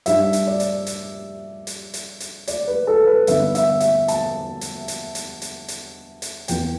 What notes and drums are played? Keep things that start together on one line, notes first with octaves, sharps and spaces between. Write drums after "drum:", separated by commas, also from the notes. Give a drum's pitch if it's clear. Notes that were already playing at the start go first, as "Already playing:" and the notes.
G2 G3 D4 E5, drum: hi-hat
drum: hi-hat
D5
drum: hi-hat
drum: hi-hat
drum: hi-hat
drum: hi-hat
drum: hi-hat
D5, drum: hi-hat
B4
A4
B4
G2 D3 B3 D4 E5, drum: hi-hat
E5, drum: hi-hat
E5, drum: hi-hat
A5, drum: hi-hat
drum: hi-hat
drum: hi-hat
drum: hi-hat
drum: hi-hat
drum: hi-hat
drum: hi-hat
E2 E3 B3 G5, drum: hi-hat